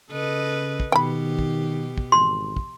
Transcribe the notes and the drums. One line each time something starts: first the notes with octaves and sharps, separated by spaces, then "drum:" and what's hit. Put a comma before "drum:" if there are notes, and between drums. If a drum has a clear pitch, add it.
C#3 A4 B4 D#5
drum: kick
B2 D#3 G4 G5 B5
drum: kick
drum: kick
G#1 C6
drum: kick